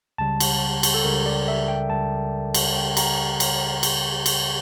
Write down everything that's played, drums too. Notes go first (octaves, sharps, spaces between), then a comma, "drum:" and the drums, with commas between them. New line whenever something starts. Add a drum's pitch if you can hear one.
C#2 C#3 G3 A5
drum: cymbal
drum: cymbal
A4
C#2 C#3 G3 A#4
D5
E5
G5
C#2 C#3 G3 A5
drum: cymbal
C#2 C#3 G3 G5
A#5, drum: cymbal
drum: cymbal
drum: cymbal
drum: cymbal